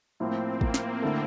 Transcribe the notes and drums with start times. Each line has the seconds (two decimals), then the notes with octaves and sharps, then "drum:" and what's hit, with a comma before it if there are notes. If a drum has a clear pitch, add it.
0.20 A2 F3 A#3 C4 E4
0.61 A#3, drum: kick
0.74 drum: snare
1.02 D3 A3 E4 A4